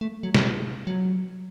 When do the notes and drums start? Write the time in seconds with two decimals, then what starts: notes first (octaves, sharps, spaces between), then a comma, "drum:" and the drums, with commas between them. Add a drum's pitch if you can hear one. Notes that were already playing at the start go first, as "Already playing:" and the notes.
0.01 A3
0.23 F#3
0.35 drum: snare
0.87 F#3